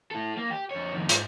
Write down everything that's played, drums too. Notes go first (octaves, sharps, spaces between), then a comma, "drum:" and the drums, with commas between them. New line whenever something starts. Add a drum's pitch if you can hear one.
E4 A4
A#3
G4
F2 C#5
F2 D#3
G#2, drum: hi-hat